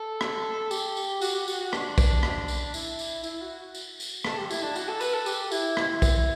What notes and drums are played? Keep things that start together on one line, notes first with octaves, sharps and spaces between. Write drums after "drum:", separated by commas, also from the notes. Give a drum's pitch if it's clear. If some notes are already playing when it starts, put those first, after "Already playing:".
Already playing: A4
drum: rim click
G4, drum: tambourine
drum: tambourine
F#4, drum: tambourine
G4
F#4, drum: tambourine
F#4
D4, drum: rim click
drum: kick B1, tambourine
drum: rim click
drum: tambourine
E4, drum: tambourine
drum: tambourine
E4, drum: tambourine
F#4
drum: tambourine
drum: tambourine
A4, drum: rim click
G4
E4, drum: tambourine
D4
F#4, drum: tambourine
A4
B4, drum: tambourine
A4
G4, drum: tambourine
E4, drum: tambourine
E4, drum: rim click
drum: kick B1, tambourine